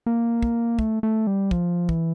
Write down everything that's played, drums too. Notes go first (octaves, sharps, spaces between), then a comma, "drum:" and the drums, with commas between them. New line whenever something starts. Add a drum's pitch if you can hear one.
A#3
drum: kick
A3, drum: kick
A3
G3
F3, drum: kick
E3, drum: kick